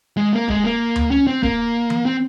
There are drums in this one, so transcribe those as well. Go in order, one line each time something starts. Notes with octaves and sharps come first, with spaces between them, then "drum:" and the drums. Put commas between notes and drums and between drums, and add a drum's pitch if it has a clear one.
G#3
A#3
G#3, drum: kick D#1
A#3
drum: tom D2
C#4
C4
A#3, drum: kick D#1
drum: tom E3
C4